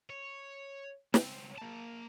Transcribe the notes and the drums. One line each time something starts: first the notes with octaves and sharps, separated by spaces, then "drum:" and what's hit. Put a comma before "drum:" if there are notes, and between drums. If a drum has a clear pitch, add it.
C#5
C#2 C4, drum: snare
A#3 A5